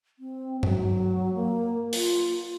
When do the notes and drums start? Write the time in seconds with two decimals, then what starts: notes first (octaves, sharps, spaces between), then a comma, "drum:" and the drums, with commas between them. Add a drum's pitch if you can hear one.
0.19 C4
0.63 F#3, drum: tom G2
1.34 A#3
1.93 F4, drum: open hi-hat